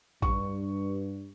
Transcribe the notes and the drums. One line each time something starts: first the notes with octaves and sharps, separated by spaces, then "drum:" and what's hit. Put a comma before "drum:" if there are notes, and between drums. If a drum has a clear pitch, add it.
G2 C#6, drum: kick A1